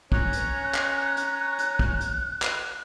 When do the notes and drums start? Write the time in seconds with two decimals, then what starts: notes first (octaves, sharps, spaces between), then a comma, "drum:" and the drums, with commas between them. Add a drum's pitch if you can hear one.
0.12 C#4 C#5 A#5 F#6, drum: kick
0.33 drum: hi-hat
0.75 drum: clap
1.17 drum: hi-hat
1.58 drum: hi-hat
1.79 drum: kick
2.00 drum: hi-hat
2.42 drum: clap